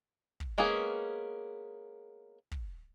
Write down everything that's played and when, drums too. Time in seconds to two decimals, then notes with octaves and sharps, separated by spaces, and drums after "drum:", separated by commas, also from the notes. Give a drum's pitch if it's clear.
0.40 drum: kick
0.58 G#3 A#3 B3 C#4 G#4
2.51 drum: kick